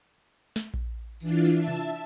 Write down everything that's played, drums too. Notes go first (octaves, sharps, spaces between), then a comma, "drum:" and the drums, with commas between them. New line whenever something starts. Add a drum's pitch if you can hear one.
drum: snare
drum: kick A#1
E3 D4 F4, drum: tambourine
E5 A5
drum: tom C3